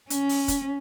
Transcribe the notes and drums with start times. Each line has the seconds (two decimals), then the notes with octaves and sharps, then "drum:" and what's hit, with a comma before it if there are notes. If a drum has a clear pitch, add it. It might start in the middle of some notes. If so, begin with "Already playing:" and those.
0.10 C#4, drum: hi-hat
0.29 drum: open hi-hat
0.48 drum: kick, hi-hat